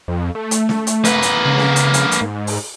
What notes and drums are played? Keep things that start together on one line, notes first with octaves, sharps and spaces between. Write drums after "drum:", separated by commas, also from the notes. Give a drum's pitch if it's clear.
F2
A3
drum: hi-hat
drum: snare
drum: hi-hat
A#3 B4, drum: hi-hat
drum: hi-hat
C#3
drum: snare
drum: hi-hat
drum: hi-hat
drum: hi-hat
G#2
drum: open hi-hat